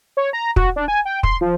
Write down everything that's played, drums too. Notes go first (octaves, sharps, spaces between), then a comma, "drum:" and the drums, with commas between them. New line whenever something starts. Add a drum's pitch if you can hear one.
C#5
A#5
F#4, drum: kick
D4
G#5
G5
C6, drum: kick
F3